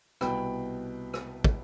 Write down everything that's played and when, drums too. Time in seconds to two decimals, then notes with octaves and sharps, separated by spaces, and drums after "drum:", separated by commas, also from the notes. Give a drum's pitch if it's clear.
0.21 C2 B2 B3 G5 B5, drum: rim click
1.14 drum: rim click
1.44 drum: kick